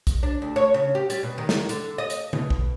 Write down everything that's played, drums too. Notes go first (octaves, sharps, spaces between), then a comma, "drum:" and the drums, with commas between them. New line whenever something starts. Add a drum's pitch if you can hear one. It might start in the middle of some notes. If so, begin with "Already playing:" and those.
drum: kick B1, hi-hat
D4
D2
C#5
C#3
G4
G3, drum: hi-hat
B2
D#3
drum: snare
D3, drum: hi-hat
D#5
drum: hi-hat
B2, drum: tom D3
drum: kick B1